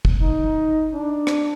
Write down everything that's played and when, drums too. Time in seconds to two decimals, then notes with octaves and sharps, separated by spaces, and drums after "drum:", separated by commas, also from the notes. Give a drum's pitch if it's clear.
0.05 drum: kick
0.21 D#4
0.93 D4
1.27 drum: rim click